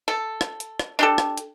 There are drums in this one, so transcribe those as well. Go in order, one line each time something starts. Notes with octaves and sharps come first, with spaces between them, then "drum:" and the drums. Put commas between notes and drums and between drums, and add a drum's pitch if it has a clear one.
A4
drum: rim click
drum: hi-hat
drum: rim click
D4 G4 A4
drum: rim click
drum: hi-hat